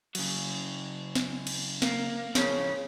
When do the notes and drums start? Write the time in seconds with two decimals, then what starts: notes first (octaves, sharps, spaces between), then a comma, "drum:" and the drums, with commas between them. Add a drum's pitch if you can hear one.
0.15 C#3 F#3, drum: cymbal
1.15 drum: snare
1.47 drum: cymbal
1.82 A#3, drum: snare
2.35 A2 C#3 F3 C#4, drum: snare